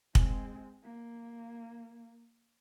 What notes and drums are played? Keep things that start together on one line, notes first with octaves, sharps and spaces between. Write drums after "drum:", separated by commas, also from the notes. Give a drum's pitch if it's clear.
G#3 C4, drum: kick
A#3